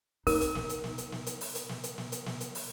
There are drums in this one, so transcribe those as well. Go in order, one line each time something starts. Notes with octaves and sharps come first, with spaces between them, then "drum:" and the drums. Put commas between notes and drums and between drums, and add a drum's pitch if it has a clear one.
D#4 A#4, drum: open hi-hat
drum: hi-hat
drum: snare
drum: hi-hat
drum: snare
drum: hi-hat
drum: snare
drum: hi-hat
drum: open hi-hat
drum: hi-hat
drum: snare
drum: hi-hat
drum: snare
drum: hi-hat
drum: snare
drum: hi-hat
drum: open hi-hat